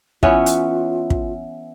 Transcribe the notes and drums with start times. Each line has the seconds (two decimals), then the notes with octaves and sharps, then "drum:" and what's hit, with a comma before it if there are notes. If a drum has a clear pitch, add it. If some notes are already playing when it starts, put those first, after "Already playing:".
0.23 E3 B3 C#4 F4 E5, drum: kick
0.46 drum: hi-hat
1.10 drum: kick